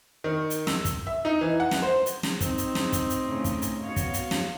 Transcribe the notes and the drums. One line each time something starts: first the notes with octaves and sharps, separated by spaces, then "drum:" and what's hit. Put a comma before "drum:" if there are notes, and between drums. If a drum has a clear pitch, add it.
D#3
drum: hi-hat
E6, drum: snare
drum: kick, hi-hat
E5
D#4
E3
F#5
drum: snare
C5
drum: hi-hat
drum: snare
C4 D#4, drum: kick, hi-hat
drum: hi-hat
drum: snare
drum: kick, hi-hat
drum: hi-hat
A2 C#3
drum: kick, hi-hat
drum: hi-hat
B3 F#4 C#5 F5
drum: kick, hi-hat
drum: hi-hat
drum: snare